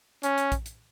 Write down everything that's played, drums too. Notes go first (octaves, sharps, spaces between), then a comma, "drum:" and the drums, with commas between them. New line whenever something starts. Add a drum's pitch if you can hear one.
C#4, drum: hi-hat
drum: hi-hat
drum: kick, hi-hat
drum: hi-hat